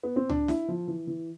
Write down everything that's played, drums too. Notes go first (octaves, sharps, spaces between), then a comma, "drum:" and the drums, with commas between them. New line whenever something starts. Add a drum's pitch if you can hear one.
B3
C4
D4, drum: tom C#2
E4, drum: snare
F3
E3
E3